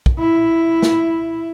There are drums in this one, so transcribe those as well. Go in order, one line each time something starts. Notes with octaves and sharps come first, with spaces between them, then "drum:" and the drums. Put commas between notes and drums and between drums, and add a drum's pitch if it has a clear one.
drum: kick
E4
drum: snare